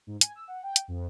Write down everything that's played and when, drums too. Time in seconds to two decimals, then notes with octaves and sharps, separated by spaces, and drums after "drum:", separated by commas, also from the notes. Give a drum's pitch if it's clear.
0.07 G#2
0.21 G#5, drum: hi-hat
0.35 E6
0.48 F#5
0.63 G5
0.76 drum: hi-hat
0.88 F2